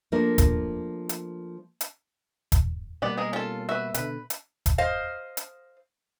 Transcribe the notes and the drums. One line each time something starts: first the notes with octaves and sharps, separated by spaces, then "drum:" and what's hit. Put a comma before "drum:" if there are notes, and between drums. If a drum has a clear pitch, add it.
F3 A3 A#3 D4 A#4
drum: kick E1, hi-hat
drum: hi-hat
drum: hi-hat
drum: kick E1, hi-hat
B2 G3 A#3 B3 D5 F#5
G#3 G#4 A#4
C#4 F4 A4
F#4 B4 E5
B2 D3 B4, drum: hi-hat
drum: hi-hat
drum: kick E1, hi-hat
C5 D#5 F5
drum: hi-hat